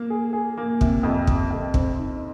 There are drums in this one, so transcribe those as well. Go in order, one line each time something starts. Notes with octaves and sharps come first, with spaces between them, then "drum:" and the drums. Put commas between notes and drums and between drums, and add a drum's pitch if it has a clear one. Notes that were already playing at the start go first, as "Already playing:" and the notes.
Already playing: A#3
G#4
G#4
A#3
C3, drum: kick
F2
C3, drum: kick
F2
C4, drum: kick
D#4